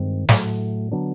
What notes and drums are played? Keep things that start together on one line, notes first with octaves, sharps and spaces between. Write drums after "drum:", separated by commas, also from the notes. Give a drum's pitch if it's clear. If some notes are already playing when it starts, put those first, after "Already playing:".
Already playing: G2 D#3 G#3 C4
A2 F#3 A3, drum: snare
D3 F#3 B3 D4